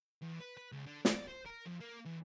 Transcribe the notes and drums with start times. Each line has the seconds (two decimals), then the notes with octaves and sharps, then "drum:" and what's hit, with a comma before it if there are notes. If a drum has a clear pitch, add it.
0.22 E2
0.40 B4
0.57 B4
0.72 C#2
0.86 D3
1.05 D5, drum: snare
1.28 C5
1.45 A#4
1.66 F2
1.80 A#3
2.05 E2